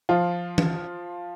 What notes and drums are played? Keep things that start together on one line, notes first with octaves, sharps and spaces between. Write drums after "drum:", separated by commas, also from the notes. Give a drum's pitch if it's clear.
F3 F4
drum: tom